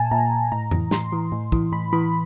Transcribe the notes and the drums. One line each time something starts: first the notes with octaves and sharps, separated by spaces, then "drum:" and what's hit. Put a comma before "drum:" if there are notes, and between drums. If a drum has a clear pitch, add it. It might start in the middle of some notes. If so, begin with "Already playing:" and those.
Already playing: A#2 G#5 A5
A#2 A#5
A2 A#5
E3, drum: tom F2
A2 C6, drum: snare
E3
A2
E3, drum: kick
A2 B5
E3 B5